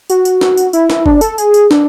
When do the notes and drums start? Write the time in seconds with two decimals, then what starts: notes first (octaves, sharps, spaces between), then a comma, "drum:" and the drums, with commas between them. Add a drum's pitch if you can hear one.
0.10 F#4, drum: tambourine
0.25 drum: tambourine
0.41 drum: snare
0.57 drum: tambourine
0.73 E4, drum: tambourine
0.90 drum: snare
1.06 D4, drum: kick
1.21 A4, drum: tambourine
1.38 G#4, drum: tambourine
1.54 drum: tambourine
1.71 D4, drum: snare